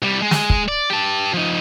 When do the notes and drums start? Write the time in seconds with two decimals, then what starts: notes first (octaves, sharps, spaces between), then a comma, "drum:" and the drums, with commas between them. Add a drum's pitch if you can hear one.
0.02 C2 G3
0.22 G#3
0.31 drum: snare
0.50 drum: kick
0.68 D5
0.90 G4 A5
1.34 F3 D#4